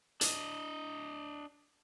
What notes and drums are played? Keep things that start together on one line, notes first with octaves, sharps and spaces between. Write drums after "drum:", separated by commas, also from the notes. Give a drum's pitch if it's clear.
D4 D#5, drum: hi-hat